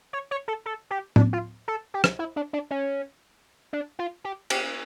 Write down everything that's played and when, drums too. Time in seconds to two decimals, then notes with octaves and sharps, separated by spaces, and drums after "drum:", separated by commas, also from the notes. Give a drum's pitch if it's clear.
0.13 C#5
0.31 C#5
0.48 A4
0.66 A4
0.91 G4
1.16 D4, drum: tom A2
1.33 F4
1.68 A4
1.94 G4
2.04 drum: rim click
2.19 E4
2.36 D4
2.53 D4
2.71 C#4
3.73 D4
3.99 F4
4.24 G4
4.50 G4, drum: cymbal